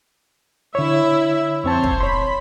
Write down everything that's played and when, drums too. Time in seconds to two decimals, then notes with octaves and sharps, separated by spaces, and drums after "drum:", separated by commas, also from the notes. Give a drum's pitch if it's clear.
0.75 D3 E4 C#5 E5
1.64 F2 C4 C5 C#5 A5
1.84 drum: kick
2.01 C#5 B5 C6